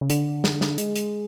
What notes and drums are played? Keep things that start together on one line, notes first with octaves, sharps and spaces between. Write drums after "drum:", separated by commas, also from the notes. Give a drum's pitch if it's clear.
C#3
D3, drum: hi-hat
drum: snare
drum: snare
G#3, drum: hi-hat
drum: hi-hat